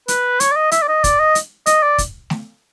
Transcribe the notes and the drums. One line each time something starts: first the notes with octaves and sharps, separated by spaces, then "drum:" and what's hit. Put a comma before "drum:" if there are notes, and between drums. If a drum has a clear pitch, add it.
B4, drum: hi-hat
C#5, drum: hi-hat
D5
D#5
E5, drum: hi-hat
D5
D#5
D5, drum: kick, hi-hat
D#5
drum: hi-hat
D#5, drum: hi-hat
D5
drum: kick, hi-hat
drum: snare A3